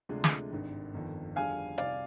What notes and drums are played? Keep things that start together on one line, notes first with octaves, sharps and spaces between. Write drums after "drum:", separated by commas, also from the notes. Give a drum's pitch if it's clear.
D2 C3 F3 G#3 D4
drum: snare
G#1 G2 D#3
G1 F2 D#3
F2 D3 G3 D4 G#4 F5 G#5
C2 C3 G3 D5 F5, drum: hi-hat